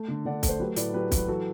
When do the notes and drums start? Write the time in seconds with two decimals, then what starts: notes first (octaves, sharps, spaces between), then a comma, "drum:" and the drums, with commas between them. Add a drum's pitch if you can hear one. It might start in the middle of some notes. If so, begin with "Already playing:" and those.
Already playing: A3
0.08 D3
0.25 D3 D5 F#5
0.43 A3, drum: kick B1, hi-hat
0.49 C5
0.60 F#3 G4 B4
0.76 A2 B4 D5, drum: hi-hat
0.94 F#3 G4 B4
1.12 F#3, drum: kick B1, hi-hat
1.18 B4
1.28 E3 F#4 A4